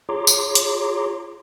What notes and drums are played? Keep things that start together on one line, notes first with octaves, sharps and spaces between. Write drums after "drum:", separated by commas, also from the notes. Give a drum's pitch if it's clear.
F4 G#4 C#5 A#5 C6 D6
drum: tambourine
drum: hi-hat